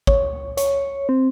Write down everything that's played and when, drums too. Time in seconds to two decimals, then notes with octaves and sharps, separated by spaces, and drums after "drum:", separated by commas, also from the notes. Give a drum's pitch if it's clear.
0.07 C#5, drum: kick G#1
0.57 C#5, drum: hi-hat
1.09 C4